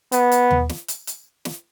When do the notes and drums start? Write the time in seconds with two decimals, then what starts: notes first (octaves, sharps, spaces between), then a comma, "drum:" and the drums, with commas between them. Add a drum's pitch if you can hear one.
0.12 B3, drum: hi-hat
0.32 drum: hi-hat
0.50 drum: tom D#2
0.69 drum: snare
0.88 drum: hi-hat
1.07 drum: hi-hat
1.45 drum: snare